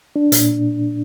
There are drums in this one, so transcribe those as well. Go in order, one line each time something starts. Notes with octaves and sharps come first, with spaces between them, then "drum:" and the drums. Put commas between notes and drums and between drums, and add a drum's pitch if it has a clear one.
D4
A#2, drum: hi-hat